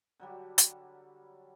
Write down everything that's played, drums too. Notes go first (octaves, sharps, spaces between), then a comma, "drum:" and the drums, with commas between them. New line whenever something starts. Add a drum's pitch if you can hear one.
D3 F#3 G3
drum: hi-hat